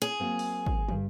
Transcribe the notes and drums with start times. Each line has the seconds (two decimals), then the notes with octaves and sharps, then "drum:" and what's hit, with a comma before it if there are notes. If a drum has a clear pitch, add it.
0.02 G#4
0.20 F#3 A#3 C4
0.39 drum: open hi-hat
0.66 drum: kick
0.88 G2 G3, drum: tom